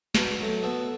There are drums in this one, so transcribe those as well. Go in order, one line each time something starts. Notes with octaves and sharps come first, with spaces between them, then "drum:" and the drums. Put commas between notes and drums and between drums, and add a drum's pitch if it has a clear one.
B2 D4 F#4, drum: snare
F#3 A3
B2 F#4 A4